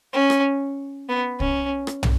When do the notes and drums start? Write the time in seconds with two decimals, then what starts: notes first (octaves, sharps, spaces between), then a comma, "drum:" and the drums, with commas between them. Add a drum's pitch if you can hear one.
0.13 C#4
0.30 drum: rim click
1.09 B3
1.40 C#4, drum: kick C2
1.87 drum: rim click
2.03 drum: tom